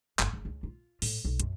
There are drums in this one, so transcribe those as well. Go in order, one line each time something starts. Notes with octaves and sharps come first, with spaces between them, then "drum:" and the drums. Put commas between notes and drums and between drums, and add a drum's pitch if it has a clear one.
G1, drum: clap
F#1
C#2
F4
A2, drum: open hi-hat
B1
F#2, drum: hi-hat